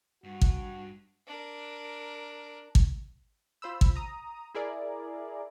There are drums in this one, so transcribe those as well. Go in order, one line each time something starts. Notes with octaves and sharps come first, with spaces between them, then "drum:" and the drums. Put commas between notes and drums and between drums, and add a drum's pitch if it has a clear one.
G2 F#4
drum: kick
D4 A#4
drum: kick
F4 C5 B5 E6
drum: kick
A#5 D#6
E4 G#4 A#4 D5